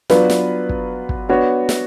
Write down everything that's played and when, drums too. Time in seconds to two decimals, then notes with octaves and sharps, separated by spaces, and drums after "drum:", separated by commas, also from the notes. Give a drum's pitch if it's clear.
0.10 F#3 B3 D4 F4 B4, drum: snare
0.30 drum: snare
0.69 drum: kick
1.09 drum: kick
1.29 B3 D4 F#4 C#5
1.69 drum: snare